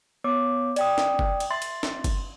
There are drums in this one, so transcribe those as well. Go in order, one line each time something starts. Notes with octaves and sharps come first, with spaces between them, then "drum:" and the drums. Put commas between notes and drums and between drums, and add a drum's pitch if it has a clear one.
B3 C#5 D6
D5 G5 D#6, drum: cymbal
drum: snare
drum: kick F#1
drum: cymbal
E5 C6 A6
drum: cymbal
drum: snare
drum: kick F#1, cymbal